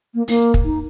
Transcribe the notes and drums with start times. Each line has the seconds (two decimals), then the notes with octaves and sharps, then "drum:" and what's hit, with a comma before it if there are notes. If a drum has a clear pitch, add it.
0.15 A#3
0.28 A#3, drum: open hi-hat
0.54 drum: kick
0.65 D#4